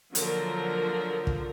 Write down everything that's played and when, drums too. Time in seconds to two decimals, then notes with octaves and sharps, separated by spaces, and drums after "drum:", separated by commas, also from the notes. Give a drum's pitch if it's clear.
0.15 D3 F3 F#3 A#3 A#4, drum: hi-hat
1.27 drum: kick